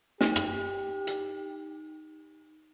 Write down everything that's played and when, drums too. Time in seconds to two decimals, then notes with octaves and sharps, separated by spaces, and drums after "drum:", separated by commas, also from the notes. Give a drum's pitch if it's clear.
0.21 D#4 G4, drum: snare
0.36 drum: rim click
1.07 drum: hi-hat